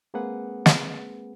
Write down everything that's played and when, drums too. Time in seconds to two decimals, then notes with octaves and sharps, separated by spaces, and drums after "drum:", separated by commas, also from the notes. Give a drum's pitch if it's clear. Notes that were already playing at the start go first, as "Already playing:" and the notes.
0.14 G#3 A#3 C4 G#4 B4 F#5
0.66 drum: snare